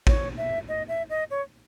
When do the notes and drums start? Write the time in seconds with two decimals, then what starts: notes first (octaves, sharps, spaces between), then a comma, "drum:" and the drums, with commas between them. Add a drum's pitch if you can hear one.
0.07 C#5, drum: kick A1
0.37 E5
0.68 D#5
0.88 E5
1.10 D#5
1.30 C#5